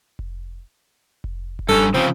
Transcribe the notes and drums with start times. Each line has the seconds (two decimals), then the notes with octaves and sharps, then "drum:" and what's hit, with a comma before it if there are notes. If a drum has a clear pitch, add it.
0.19 drum: kick F1
1.24 drum: kick F1
1.59 drum: kick F1
1.69 G2 C#4 A4
1.94 C#3 F3 C4